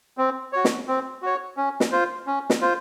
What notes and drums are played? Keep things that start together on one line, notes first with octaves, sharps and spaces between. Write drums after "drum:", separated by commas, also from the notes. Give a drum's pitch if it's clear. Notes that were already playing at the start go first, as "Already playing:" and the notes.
C4
F#4 C#5
drum: snare
C4
F#4 C#5
C#4
drum: snare
F4 C5
C#4
drum: snare
F4 C5